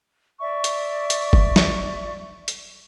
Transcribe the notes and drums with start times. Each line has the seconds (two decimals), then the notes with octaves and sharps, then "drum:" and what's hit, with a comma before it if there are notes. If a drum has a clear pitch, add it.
0.41 D5 E5 C#6
0.64 drum: hi-hat
1.10 drum: hi-hat
1.33 drum: kick
1.56 drum: snare
2.48 drum: hi-hat